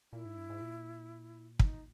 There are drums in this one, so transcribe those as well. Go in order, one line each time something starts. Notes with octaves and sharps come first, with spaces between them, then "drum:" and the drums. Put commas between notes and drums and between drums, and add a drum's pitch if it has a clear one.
A#2 E4
G#2
G2
G#2
A#2
D#4, drum: kick